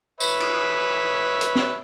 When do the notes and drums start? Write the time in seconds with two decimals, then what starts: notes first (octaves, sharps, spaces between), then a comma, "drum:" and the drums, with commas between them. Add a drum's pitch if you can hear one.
0.20 B4 C#5 E5, drum: tambourine
0.40 drum: cymbal
1.41 drum: hi-hat
1.55 drum: snare